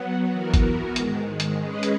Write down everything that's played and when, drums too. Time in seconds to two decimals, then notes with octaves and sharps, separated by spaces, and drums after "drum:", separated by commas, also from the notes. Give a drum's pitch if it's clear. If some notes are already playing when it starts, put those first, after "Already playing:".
Already playing: F#3 B3 F#4
0.32 E3 B3 F#4 A#4
0.54 drum: kick, hi-hat
0.96 G#2 D#3 G#3, drum: hi-hat
1.40 drum: hi-hat
1.61 G#3 C#4 G#4 B4 D#5
1.83 drum: hi-hat